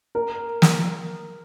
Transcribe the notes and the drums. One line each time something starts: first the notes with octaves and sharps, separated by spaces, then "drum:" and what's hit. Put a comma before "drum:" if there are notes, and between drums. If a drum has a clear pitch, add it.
A#4
drum: snare